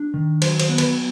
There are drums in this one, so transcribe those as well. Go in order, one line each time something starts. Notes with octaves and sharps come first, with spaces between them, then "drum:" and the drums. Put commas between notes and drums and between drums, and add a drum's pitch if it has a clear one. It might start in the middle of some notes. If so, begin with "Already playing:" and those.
Already playing: D4
D#3
F#3 C5, drum: cymbal
C5, drum: cymbal
B3
B4, drum: cymbal